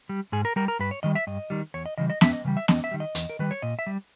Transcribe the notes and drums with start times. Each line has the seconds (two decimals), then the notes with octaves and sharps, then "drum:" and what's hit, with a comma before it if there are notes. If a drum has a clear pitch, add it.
0.09 G3
0.32 G#2 G#4
0.45 A#4
0.56 G3 A#4
0.68 A#4
0.79 G2 B4
0.91 C#5
1.03 D#3 G3 D#5
1.15 E5
1.27 G2 D#5
1.50 D#3 G3
1.74 E2 C#5
1.86 D#5
1.98 C#3 E3 G3 D#5
2.10 D#5
2.21 E2 E5, drum: snare B3
2.33 D#5
2.45 C#3 E3 G3
2.57 E5
2.68 E2 D#5, drum: snare B3
2.84 E5
2.91 D#3 G3
3.00 D#5
3.15 E2, drum: hi-hat
3.30 A#4
3.39 D#3 G3 B4
3.51 C#5
3.62 A#2 D#5
3.79 E5
3.87 G3